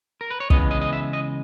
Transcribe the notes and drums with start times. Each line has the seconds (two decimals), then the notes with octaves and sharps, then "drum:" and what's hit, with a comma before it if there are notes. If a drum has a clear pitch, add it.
0.21 A#4
0.30 B4
0.40 C#5
0.50 C#3 E3 G#3 B3 D#5, drum: kick
0.71 D#5
0.81 D#5
0.93 E5
1.13 D#5